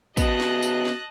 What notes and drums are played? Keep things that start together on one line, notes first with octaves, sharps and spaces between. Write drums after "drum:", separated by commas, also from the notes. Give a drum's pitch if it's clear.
C#3 B3 F#4 D#5 A5 F#6, drum: kick, tambourine
drum: snare
drum: tambourine
drum: snare